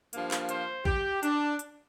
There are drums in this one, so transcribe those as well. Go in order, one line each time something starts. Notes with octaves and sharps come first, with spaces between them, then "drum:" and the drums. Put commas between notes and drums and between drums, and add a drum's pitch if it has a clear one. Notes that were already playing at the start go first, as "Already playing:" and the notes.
G2 F3 A#3, drum: hi-hat
drum: clap
C5, drum: hi-hat
G4, drum: kick A1
D4, drum: hi-hat
drum: hi-hat